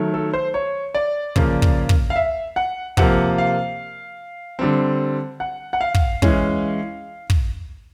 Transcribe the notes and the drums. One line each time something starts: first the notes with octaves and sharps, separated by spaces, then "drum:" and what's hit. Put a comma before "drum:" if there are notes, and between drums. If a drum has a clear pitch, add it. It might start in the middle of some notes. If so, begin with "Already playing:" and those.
Already playing: D#3 F#3 A3
A4
C5
C#5
D5
C#3 F3 A#3, drum: kick
drum: kick
drum: kick
F5
E5
F#5
C3 F3 A#3 F#5, drum: kick
F5
D3 G3 C4
F#5
F#5
F5
drum: kick
E3 G#3 C#4, drum: kick
drum: kick